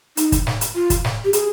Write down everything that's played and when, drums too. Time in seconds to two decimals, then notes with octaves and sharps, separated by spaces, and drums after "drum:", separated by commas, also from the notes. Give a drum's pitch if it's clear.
0.17 D#4, drum: hi-hat
0.32 drum: kick, hi-hat
0.47 drum: snare
0.61 drum: hi-hat
0.75 F4
0.90 drum: kick, hi-hat
1.04 drum: snare
1.25 G4
1.33 G#4, drum: hi-hat